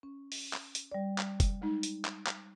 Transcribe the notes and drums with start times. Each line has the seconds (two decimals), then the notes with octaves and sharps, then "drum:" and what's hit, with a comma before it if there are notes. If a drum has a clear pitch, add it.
0.03 C#4
0.32 drum: open hi-hat
0.53 drum: clap
0.75 drum: hi-hat
0.92 G3 D5
1.18 drum: clap
1.40 drum: kick F1, hi-hat
1.62 G#3 D#4
1.83 drum: hi-hat
2.05 drum: clap
2.27 drum: clap